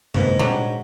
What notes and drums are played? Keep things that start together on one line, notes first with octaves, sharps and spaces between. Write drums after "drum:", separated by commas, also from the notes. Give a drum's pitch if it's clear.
G#2 C3 A#3 B3, drum: tom F#2
F#3 G3 D4, drum: tom A#2